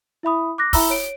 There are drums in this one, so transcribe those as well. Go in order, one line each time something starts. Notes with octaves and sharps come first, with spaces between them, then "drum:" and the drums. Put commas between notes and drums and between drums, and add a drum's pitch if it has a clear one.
E4 E5 B5 D#6
D6 F#6 A#6
E4 E5 A#5 B5 E6, drum: kick, open hi-hat
C#5 D7